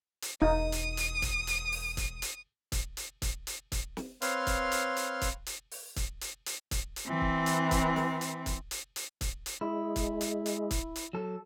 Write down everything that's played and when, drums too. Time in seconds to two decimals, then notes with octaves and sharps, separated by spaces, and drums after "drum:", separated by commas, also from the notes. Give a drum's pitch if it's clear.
0.22 drum: hi-hat
0.42 E1 D#4 D#6
0.72 drum: hi-hat
0.97 drum: hi-hat
1.22 drum: kick, hi-hat
1.47 drum: hi-hat
1.72 drum: open hi-hat
1.97 drum: kick, hi-hat
2.22 drum: hi-hat
2.72 drum: kick, hi-hat
2.97 drum: hi-hat
3.22 drum: kick, hi-hat
3.47 drum: hi-hat
3.72 drum: kick, hi-hat
3.97 drum: snare
4.22 C4 B4 C#5 F5 C6 F6, drum: hi-hat
4.47 drum: kick, hi-hat
4.72 drum: hi-hat
4.97 drum: hi-hat
5.22 drum: kick, hi-hat
5.46 drum: hi-hat
5.71 drum: open hi-hat
5.96 drum: kick, hi-hat
6.21 drum: hi-hat
6.46 drum: hi-hat
6.71 drum: kick, hi-hat
6.96 drum: hi-hat
7.07 E3 C4
7.21 drum: kick
7.46 drum: hi-hat
7.71 drum: kick, hi-hat
7.96 drum: snare
8.21 drum: hi-hat
8.46 drum: kick, hi-hat
8.71 drum: hi-hat
8.96 drum: hi-hat
9.21 drum: kick, hi-hat
9.46 drum: hi-hat
9.61 G#3 E4
9.96 drum: kick, hi-hat
10.21 drum: hi-hat
10.46 drum: hi-hat
10.71 drum: kick, hi-hat
10.96 drum: hi-hat
11.13 F#3 A4